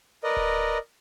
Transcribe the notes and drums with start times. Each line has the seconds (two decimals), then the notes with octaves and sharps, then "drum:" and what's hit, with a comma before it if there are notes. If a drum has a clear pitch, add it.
0.23 A#4 B4 D5 D#5
0.37 drum: kick D1